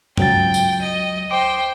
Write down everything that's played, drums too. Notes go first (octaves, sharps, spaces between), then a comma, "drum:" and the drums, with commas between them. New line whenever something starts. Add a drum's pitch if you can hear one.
C#2 F#3 G5 A6, drum: tom G2
drum: tambourine
D#5
C5 G5 D6